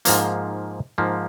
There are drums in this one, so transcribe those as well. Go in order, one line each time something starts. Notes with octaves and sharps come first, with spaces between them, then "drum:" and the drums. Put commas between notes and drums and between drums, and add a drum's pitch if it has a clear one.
G#2 F3 A#3, drum: hi-hat
G#2 F3 A#3